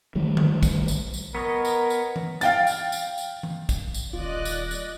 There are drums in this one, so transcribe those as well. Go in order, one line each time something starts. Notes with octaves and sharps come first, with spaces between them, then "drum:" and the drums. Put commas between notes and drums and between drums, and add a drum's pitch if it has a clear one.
D#3 E3 G3 A3
drum: tom D3
drum: kick A#1, tambourine
drum: tambourine
drum: tambourine
B3 A#4 C#5 D#5
drum: tambourine
drum: tambourine
drum: tom E3
F5 G5 A6, drum: tambourine
drum: tambourine
drum: tambourine
drum: tambourine
drum: tom E3
drum: kick A#1, tambourine
drum: tambourine
D#1 F4 D5 D#5 F#6
drum: tambourine
drum: tambourine